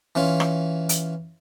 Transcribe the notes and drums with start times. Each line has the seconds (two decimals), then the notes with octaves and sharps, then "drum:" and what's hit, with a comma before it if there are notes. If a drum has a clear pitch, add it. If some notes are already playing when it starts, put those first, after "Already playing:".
0.15 E3 C#4 F4
0.40 drum: rim click
0.89 drum: hi-hat